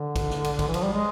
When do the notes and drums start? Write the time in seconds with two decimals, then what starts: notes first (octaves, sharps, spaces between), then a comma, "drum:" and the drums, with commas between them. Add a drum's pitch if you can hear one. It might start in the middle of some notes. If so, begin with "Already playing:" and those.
Already playing: D3
0.16 drum: kick, cymbal
0.30 drum: snare
0.44 drum: cymbal
0.59 drum: kick, cymbal
0.68 E3
0.74 F3, drum: cymbal
0.83 G3
0.92 G#3